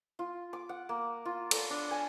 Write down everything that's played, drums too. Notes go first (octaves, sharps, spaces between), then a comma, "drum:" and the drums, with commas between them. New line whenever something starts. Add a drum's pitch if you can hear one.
F4
D6
F#5
A#3
F4
A4, drum: cymbal
D4
G#5